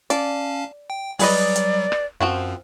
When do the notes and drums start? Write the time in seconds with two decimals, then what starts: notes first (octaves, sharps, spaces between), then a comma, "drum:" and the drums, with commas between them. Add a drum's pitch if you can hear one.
0.10 C#4 D5 F5 A5, drum: hi-hat
0.90 G5
1.19 F#3 G3 G#4 B4 D5 D#5, drum: open hi-hat
1.56 drum: hi-hat
1.92 drum: rim click
2.21 F#2 F3 C4 F#4